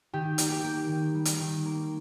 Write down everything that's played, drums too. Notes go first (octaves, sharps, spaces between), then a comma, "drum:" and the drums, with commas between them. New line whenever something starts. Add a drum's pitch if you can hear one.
D#3 G4
A#3, drum: hi-hat
G4
A#3
D#3
G3
drum: hi-hat
D#3
A#3